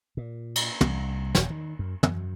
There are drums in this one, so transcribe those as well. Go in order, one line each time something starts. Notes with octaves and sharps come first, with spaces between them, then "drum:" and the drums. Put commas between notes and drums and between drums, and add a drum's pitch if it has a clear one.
A#2
drum: cymbal
C2, drum: tom
D#1, drum: snare
D#3
F#2
F#2, drum: tom